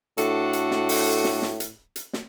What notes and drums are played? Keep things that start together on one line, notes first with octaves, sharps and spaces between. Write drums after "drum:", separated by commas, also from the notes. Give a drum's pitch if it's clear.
A2 D4 F#4 A4, drum: hi-hat
drum: hi-hat
drum: snare
drum: open hi-hat
drum: snare
drum: snare
drum: hi-hat
drum: hi-hat
drum: snare